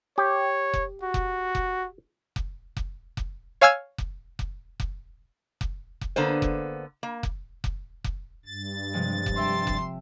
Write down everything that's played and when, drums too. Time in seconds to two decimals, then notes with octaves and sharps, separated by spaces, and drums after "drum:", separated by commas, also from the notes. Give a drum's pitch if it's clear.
0.18 G4 C#5
0.74 drum: kick F1
1.03 F#4
1.14 drum: kick F1
1.55 drum: kick F1
2.36 drum: kick F1
2.77 drum: kick F1
3.17 drum: kick F1
3.61 C#5 F5 G#5 E6 F6 G#6
3.98 drum: kick F1
4.39 drum: kick F1
4.80 drum: kick F1
5.61 drum: kick F1
6.01 drum: kick F1
6.16 D3 A#3 B3 C5
6.42 drum: kick F1
7.03 A#3
7.23 drum: kick F1
7.64 drum: kick F1
8.04 drum: kick F1
8.46 G2 A6
8.93 C3 F3 G#3
9.26 drum: kick F1
9.37 E5 G5 A5 C6
9.67 drum: kick F1